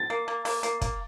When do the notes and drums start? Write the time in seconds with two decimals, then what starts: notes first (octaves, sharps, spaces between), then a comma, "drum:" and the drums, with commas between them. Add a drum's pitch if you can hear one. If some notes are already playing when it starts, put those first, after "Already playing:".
Already playing: A6
0.10 A#3
0.28 A#3
0.45 A#3, drum: open hi-hat
0.63 A#3, drum: hi-hat
0.81 A#3, drum: kick, hi-hat